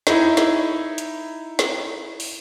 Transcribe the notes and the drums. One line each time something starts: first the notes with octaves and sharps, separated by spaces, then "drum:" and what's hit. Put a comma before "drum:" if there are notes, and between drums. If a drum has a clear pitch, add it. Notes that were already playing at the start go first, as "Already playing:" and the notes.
D#4 E4, drum: snare
drum: snare
drum: hi-hat
drum: snare
drum: open hi-hat